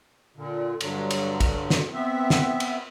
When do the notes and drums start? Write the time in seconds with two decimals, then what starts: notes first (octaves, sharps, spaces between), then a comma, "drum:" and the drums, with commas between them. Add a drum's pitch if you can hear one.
0.36 A#2 D3
0.81 G2 D3 F#3, drum: cymbal
1.11 drum: cymbal
1.40 drum: kick, cymbal
1.70 drum: snare
1.94 B3 C4 E5
2.30 drum: snare
2.60 drum: cymbal